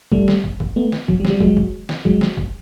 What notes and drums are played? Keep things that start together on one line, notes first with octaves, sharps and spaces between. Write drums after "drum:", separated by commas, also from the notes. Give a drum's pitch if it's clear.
G3 A3, drum: kick
drum: snare
drum: kick
drum: kick
A3 B3
drum: snare
F#3, drum: kick
G3
F#3, drum: snare
G3
F#3 G#3, drum: kick
drum: kick
drum: snare
F#3 G#3, drum: kick
drum: snare
drum: kick